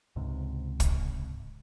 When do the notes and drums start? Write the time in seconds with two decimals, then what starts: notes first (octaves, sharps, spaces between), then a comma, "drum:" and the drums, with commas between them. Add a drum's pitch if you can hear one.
0.16 C#2 G#2 C3
0.80 drum: kick, hi-hat